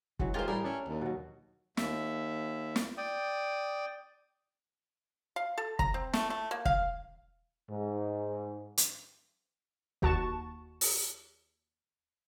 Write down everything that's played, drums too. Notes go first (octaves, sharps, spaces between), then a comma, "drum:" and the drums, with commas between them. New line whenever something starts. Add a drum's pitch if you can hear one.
E3 F#3 G#3, drum: kick
G#3 F4 G4 A#4 C5
A2 G3 G4 G#4 A#4
C#4 D4 G#4 E5
D#2
B2 F#3
D#2 E5, drum: snare
drum: snare
D5 G5 D#6
F5
A4
A#5, drum: kick
C4
A3, drum: snare
A3
A#3
F5, drum: kick
G#2
drum: hi-hat
D#2 F#4 A5 C#6 E7, drum: kick
drum: open hi-hat